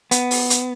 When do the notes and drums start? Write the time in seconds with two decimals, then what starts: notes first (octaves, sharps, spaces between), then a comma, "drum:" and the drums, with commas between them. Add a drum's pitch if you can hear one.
0.11 B3, drum: hi-hat
0.31 drum: open hi-hat
0.50 drum: hi-hat